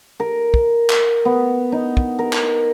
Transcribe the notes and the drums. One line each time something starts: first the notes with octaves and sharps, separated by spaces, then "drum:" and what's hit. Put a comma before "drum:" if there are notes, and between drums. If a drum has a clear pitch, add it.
A#4
drum: kick
drum: clap
B3
D#4
drum: kick
A#4
drum: clap